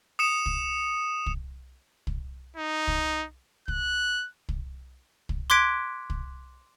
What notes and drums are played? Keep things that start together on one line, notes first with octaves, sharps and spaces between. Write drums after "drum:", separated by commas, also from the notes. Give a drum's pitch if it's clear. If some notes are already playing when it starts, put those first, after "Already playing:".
D#6 C#7 E7
drum: kick
drum: kick
drum: kick
D#4
drum: kick
F#6, drum: kick
drum: kick
drum: kick
C6 D6 F#6 G#6 B6 D7
drum: kick